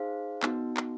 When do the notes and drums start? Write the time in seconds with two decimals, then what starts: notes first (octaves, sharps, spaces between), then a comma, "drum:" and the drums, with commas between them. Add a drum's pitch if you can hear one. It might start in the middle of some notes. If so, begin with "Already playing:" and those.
Already playing: D#4 G#4 C5 F5
0.43 B3 D#4 F#4, drum: clap
0.77 drum: clap